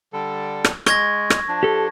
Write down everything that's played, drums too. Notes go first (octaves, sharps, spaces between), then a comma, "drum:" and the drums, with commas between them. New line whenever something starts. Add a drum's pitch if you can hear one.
D3 G3 A4
drum: rim click
G#3 C#6 G#6 A#6, drum: rim click
drum: rim click
F3 D4
G4 A4